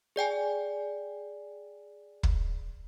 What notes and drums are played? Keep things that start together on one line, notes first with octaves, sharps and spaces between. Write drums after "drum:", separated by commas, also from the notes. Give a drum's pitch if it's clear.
G#4 D5 G5 G#5
drum: kick